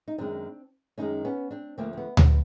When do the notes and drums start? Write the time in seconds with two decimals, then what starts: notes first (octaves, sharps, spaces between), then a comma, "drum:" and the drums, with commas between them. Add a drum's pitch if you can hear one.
0.08 D#4
0.18 F#2 D#3 G#3 C4 D4
0.98 F#2 D#3 G#3 C#4 D#4
1.25 B3 C#4
1.51 C4 D4
1.78 D2 D3 F3 A3 A#3 C4
1.93 C4
1.97 B3
2.17 B3, drum: tom D2